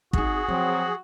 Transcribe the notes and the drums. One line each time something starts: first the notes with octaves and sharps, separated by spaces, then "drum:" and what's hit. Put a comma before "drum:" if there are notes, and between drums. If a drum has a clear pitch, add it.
C4 D#4 F#4 G#4, drum: kick
F3 F#3 C4